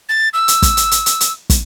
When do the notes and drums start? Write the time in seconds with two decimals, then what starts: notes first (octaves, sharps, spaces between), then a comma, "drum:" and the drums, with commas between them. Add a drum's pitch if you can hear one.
0.09 A6
0.33 E6
0.48 drum: hi-hat
0.62 drum: kick, hi-hat
0.77 drum: hi-hat
0.91 drum: hi-hat
1.06 drum: hi-hat
1.21 drum: hi-hat
1.50 drum: kick, hi-hat